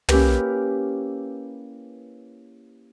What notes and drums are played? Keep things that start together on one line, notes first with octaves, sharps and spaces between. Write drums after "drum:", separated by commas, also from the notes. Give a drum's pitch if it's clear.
A#3 C#4 E4 G4 A#4 B4, drum: tom